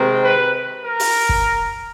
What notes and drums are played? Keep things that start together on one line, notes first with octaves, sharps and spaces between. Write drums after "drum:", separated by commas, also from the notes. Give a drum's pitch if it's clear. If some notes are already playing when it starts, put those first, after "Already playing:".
Already playing: C3 D#3 G#3 C4
B4
A#4
drum: open hi-hat
drum: kick